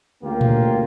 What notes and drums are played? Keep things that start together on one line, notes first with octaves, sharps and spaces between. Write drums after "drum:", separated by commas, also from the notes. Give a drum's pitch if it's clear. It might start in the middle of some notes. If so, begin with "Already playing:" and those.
D2 C#3 A#3 F4 G4
drum: tom A#2